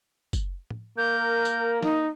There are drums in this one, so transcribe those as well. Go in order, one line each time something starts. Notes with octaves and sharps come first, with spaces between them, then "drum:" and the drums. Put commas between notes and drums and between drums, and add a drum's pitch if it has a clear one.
drum: kick, tambourine
drum: tom
A#3 G6
A#4
drum: tambourine
D#4, drum: snare